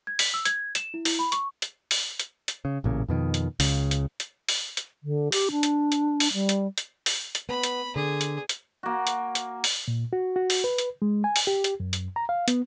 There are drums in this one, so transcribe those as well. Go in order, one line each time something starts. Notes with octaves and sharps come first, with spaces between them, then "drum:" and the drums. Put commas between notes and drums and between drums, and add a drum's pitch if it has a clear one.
G#6
B6, drum: open hi-hat
E6
G#6, drum: hi-hat
E7, drum: hi-hat
E4
E4, drum: open hi-hat
B5
C#6, drum: hi-hat
drum: hi-hat
drum: open hi-hat
drum: hi-hat
drum: hi-hat
C#3
A1 A#2 C#3
F2 B2 D#3
drum: hi-hat
C#2 C#3, drum: open hi-hat
drum: hi-hat
drum: hi-hat
drum: open hi-hat
drum: hi-hat
D3
G4, drum: open hi-hat
D4
drum: hi-hat
drum: hi-hat
drum: open hi-hat
G3
drum: hi-hat
drum: hi-hat
drum: open hi-hat
drum: hi-hat
B3 B5
drum: hi-hat
D3 G#4
drum: hi-hat
drum: hi-hat
A#3 F#4
drum: hi-hat
drum: hi-hat
drum: open hi-hat
A#2
F#4
F#4
drum: open hi-hat
B4
drum: hi-hat
G#3
G#5
drum: open hi-hat
G4
drum: hi-hat
F#2
drum: hi-hat
A#5
F5
B3, drum: hi-hat